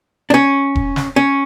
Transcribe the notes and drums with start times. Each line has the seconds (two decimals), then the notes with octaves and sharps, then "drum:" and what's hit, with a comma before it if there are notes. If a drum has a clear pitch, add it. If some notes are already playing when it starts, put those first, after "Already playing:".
0.30 D4
0.34 C#4
0.75 drum: kick E1
0.96 drum: snare
1.16 C#4